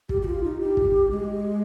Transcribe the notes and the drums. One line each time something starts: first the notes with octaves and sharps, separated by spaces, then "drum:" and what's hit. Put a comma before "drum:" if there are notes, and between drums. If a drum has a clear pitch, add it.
G4, drum: kick
G4
F4
D#4
G4
drum: kick
G#3